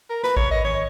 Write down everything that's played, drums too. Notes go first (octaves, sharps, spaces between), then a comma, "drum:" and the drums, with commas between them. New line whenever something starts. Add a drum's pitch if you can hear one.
A#4
B4, drum: snare
C#5, drum: kick A1
D#5
C#5, drum: tom D#3